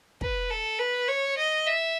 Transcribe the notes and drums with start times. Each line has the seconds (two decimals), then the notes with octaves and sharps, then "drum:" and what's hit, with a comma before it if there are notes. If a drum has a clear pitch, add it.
0.21 B4, drum: kick
0.50 A4
0.79 B4
1.08 C#5
1.38 D#5
1.67 E5